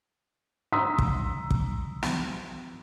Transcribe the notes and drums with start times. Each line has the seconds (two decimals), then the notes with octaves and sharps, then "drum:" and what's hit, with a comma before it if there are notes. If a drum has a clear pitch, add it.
0.72 A#5 C6 D#6 E6 B6
0.98 drum: kick
1.51 drum: kick
2.03 drum: snare